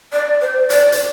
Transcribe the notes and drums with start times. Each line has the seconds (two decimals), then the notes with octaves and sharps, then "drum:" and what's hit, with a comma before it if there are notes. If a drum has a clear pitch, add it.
0.13 D5
0.41 C5
0.70 D5, drum: hi-hat
0.92 drum: hi-hat